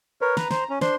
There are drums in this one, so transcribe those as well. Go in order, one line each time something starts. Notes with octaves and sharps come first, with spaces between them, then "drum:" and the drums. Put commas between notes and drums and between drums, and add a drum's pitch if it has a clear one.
A#4 B4 C#5
B4 A#5, drum: snare
C5, drum: snare
C#4
D4 C5 C6, drum: snare